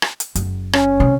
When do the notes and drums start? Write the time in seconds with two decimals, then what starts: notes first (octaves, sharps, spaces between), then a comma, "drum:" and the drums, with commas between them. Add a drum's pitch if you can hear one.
0.02 drum: rim click
0.20 drum: hi-hat
0.35 F#1, drum: hi-hat
0.73 C#4, drum: rim click
1.00 C3